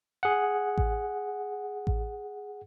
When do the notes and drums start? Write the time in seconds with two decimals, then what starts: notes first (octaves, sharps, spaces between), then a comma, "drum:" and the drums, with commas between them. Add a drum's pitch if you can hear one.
0.23 G#4 F#5
0.78 drum: kick A1
1.87 drum: kick A1